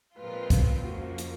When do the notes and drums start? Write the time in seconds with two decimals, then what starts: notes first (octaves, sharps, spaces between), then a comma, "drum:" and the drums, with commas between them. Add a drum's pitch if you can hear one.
0.16 A#2 F3 G#3 C4 F4 B4
0.24 A#4
0.32 B4
0.50 drum: kick, hi-hat
0.84 F2 C#3 F3 A#3 F#4
1.01 F4
1.18 drum: hi-hat